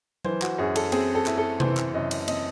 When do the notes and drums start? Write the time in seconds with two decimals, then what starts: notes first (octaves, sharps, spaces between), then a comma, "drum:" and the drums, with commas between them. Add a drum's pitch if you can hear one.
0.25 E3 C5, drum: tom F#3
0.42 F#4, drum: clap
0.58 F#2 G#4
0.76 A4, drum: cymbal
0.92 C4 G#4, drum: cymbal
1.15 A4
1.26 E4, drum: clap
1.38 A4
1.60 E3 C5, drum: tom C3
1.77 drum: clap
1.94 F#2 D#5
2.11 drum: cymbal
2.28 C4 D#5, drum: cymbal